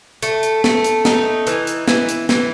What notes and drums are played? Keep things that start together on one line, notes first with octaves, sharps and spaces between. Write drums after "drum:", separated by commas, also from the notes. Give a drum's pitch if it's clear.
A3, drum: hi-hat
drum: hi-hat
A3, drum: snare
drum: hi-hat
D#4, drum: snare
E3, drum: hi-hat
drum: hi-hat
E3, drum: snare
drum: hi-hat
E3, drum: snare